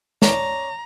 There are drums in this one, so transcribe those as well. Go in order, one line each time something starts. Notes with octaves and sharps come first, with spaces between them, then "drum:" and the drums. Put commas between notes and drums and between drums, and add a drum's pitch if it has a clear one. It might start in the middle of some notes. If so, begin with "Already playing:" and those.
C#4 D5 A5 A#5, drum: snare